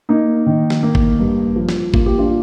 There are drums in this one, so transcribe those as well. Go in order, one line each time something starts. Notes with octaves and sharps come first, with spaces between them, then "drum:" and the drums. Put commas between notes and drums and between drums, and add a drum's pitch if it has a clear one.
A#3 D#4
D#3
drum: snare
A#3
drum: kick G#1
G2
F3
drum: snare
A#3 F4, drum: kick G#1
G4
D4 F4